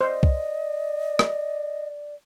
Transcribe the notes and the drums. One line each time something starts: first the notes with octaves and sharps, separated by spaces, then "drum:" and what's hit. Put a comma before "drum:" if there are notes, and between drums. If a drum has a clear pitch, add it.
C5 D5 D#5
drum: kick C2
drum: rim click